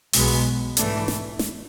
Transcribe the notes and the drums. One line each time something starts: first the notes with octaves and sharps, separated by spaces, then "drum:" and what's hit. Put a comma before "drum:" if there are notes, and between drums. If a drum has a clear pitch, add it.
B1 B2 G#3 B3, drum: open hi-hat
G#2 E3 A3 D4, drum: hi-hat
drum: snare
drum: snare